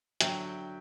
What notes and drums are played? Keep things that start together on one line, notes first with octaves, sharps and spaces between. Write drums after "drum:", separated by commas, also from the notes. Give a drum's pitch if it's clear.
D3 F#3 E5 G5, drum: hi-hat